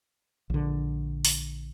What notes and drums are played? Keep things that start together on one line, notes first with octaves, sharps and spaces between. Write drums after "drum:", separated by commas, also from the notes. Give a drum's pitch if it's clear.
A#1 D3
drum: open hi-hat